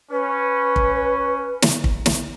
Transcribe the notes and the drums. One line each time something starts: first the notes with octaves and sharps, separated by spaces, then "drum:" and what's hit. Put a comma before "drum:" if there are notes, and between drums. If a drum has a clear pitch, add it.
C#4 B4
drum: kick
drum: snare
drum: kick
drum: snare